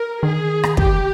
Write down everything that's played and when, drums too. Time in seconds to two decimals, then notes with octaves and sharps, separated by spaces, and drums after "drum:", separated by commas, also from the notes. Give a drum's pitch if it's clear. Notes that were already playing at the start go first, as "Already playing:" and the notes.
Already playing: A#4
0.23 D#3 G#4
0.63 drum: rim click
0.77 G4, drum: kick